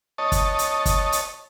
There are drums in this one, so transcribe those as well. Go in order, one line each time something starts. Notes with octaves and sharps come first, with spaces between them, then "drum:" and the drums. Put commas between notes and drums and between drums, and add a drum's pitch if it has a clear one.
C#5 D#5 A5
drum: kick, hi-hat
drum: hi-hat
drum: kick, hi-hat
drum: hi-hat